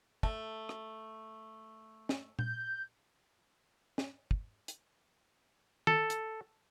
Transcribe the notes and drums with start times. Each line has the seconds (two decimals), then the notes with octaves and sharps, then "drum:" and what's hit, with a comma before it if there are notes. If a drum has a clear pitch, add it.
0.23 A3, drum: kick
0.69 drum: rim click
2.09 drum: snare
2.39 G6, drum: tom A#2
3.98 drum: snare
4.31 drum: kick
4.68 drum: hi-hat
5.87 A4, drum: tom D#3
6.10 drum: hi-hat